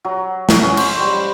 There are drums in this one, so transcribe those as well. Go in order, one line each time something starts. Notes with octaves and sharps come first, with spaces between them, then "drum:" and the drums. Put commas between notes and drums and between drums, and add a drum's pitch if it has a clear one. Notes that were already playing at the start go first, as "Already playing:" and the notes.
F#3
F#4, drum: snare
C#4
C5, drum: cymbal
G3